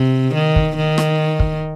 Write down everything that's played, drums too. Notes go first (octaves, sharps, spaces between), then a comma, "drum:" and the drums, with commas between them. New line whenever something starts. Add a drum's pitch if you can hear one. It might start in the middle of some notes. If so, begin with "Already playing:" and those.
Already playing: C3
D#3
drum: kick
D#3
drum: rim click
drum: kick